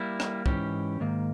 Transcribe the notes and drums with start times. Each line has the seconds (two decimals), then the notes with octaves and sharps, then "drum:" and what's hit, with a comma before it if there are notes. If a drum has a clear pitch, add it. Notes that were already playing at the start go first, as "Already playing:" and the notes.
Already playing: G3 A#3 E4
0.20 drum: rim click
0.46 G#2 E3 C#4 G4, drum: kick
1.00 G#2 D#3 A#3